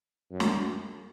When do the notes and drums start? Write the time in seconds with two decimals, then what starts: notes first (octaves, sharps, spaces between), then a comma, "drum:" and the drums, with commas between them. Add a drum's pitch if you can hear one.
0.31 F#2
0.40 drum: snare